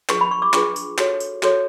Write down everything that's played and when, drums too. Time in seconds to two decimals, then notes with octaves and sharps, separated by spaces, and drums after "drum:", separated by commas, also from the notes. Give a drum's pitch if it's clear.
0.09 D4 F4 G#4 B4 C#6, drum: clap
0.21 B5
0.31 C#6
0.42 D6
0.54 D4 F4 G#4 B4 C#6, drum: clap
0.76 drum: tambourine
0.98 F#4 A4 C#5, drum: clap
1.20 drum: tambourine
1.43 F#4 A4 C#5, drum: clap